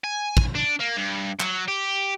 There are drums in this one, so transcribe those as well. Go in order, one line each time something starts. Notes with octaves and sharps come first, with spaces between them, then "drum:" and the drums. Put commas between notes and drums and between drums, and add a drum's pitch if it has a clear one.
G#5
drum: kick
D4
A#3
G2
F#3, drum: clap
G4